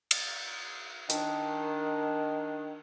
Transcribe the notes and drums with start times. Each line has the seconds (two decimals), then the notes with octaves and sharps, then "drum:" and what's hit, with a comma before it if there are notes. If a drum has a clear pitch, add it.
0.11 drum: cymbal
1.10 D#3 D4, drum: hi-hat